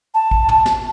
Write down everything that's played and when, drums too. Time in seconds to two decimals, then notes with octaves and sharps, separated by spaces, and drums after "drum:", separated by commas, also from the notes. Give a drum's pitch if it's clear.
0.14 A5
0.31 drum: kick A1
0.49 drum: tom
0.66 drum: snare